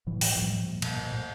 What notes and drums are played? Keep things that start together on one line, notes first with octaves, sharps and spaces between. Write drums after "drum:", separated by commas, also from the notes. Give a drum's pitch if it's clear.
A2 E3 F#3
A2, drum: open hi-hat
A2 F3 G3
A2
A#2
A#2, drum: cymbal
A#2
A#2